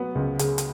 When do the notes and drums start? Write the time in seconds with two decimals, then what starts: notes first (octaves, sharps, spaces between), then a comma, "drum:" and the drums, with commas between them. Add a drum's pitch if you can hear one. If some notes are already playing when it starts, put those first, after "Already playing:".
Already playing: F#3 B3
0.15 C#2
0.39 C#3, drum: hi-hat
0.58 drum: hi-hat